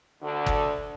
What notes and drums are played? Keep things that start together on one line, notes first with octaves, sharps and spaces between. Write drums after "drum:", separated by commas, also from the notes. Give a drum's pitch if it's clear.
D2 D3
drum: kick